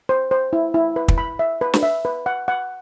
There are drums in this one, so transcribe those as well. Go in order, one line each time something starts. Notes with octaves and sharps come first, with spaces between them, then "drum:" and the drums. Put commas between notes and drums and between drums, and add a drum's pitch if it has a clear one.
C5
C5
E4
E4
B4
drum: kick
B5
E5
B4
drum: snare
E5
B4
F#5
F#5